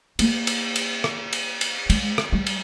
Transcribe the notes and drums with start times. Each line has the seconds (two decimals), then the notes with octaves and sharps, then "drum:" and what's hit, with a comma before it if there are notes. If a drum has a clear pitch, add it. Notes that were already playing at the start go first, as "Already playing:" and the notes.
0.19 A#3, drum: cymbal
0.47 drum: cymbal
0.76 drum: cymbal
1.04 drum: rim click
1.33 drum: cymbal
1.61 drum: cymbal
1.90 G#3, drum: cymbal
2.18 drum: rim click
2.32 G3
2.47 drum: cymbal